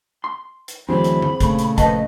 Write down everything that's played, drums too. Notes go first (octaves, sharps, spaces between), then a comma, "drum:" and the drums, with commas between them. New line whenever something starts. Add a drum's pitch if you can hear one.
C6
drum: hi-hat
D2 E3 F#3 C4 G#4 B5
drum: hi-hat
drum: tom D3
A#2 C#3 A3, drum: kick, hi-hat
drum: hi-hat
F2 B4 D#5 A5, drum: kick, hi-hat